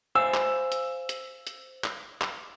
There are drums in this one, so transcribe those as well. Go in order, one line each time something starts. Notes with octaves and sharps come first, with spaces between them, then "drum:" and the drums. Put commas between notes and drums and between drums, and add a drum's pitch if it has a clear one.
C5 F5 G#5 E6
drum: clap
drum: hi-hat
drum: hi-hat
drum: hi-hat
drum: clap
drum: clap